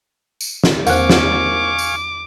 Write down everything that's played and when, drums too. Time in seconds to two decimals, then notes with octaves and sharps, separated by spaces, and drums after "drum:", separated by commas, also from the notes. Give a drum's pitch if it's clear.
0.41 drum: tambourine
0.64 drum: snare
0.87 E2 A#3 C4 F5 G#5 C#6 D6 F#6, drum: tambourine
1.10 drum: snare
1.79 drum: tambourine